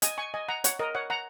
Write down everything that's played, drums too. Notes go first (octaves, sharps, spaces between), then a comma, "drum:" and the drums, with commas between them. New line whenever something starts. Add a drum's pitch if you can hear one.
D#5 G#5, drum: hi-hat
G#5 C#6
D#5 G#5
F#5 A#5
C#5 F#5, drum: hi-hat
A#4 D#5
C#5 F#5
F#5 A#5